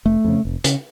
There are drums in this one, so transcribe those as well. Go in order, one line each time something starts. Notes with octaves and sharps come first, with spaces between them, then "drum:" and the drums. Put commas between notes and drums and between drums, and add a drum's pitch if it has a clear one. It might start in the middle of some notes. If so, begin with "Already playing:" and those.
F1 A3
F2 C#3
F1
C#3, drum: hi-hat